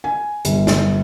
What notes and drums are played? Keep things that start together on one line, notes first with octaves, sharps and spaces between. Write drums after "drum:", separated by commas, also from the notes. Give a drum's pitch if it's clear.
G#5
G1, drum: hi-hat
drum: snare